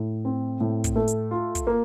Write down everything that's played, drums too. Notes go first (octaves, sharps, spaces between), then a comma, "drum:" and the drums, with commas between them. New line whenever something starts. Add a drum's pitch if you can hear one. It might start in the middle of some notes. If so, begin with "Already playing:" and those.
Already playing: A2
C4
A2
drum: kick, hi-hat
A3
drum: hi-hat
F4
drum: kick, hi-hat
A#3